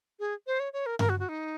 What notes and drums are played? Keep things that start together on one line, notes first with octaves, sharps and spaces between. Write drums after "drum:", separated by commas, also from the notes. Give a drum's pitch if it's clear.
G#4
C5
C#5
C#5
A#4
A#4, drum: tom G2
F#4
F#4
D#4